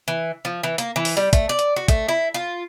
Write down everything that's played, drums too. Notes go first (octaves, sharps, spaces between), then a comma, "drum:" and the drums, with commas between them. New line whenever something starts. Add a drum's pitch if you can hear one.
E3
F3
E3
A#3, drum: hi-hat
E3
drum: open hi-hat
G3
A3, drum: kick, hi-hat
D5
drum: hi-hat
F#4
A3, drum: kick, hi-hat
E4
F4